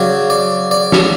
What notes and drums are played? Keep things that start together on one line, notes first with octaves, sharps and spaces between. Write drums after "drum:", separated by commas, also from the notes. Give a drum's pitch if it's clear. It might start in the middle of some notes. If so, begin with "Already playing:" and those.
Already playing: C#3 F#3 D5
D5
D5
drum: snare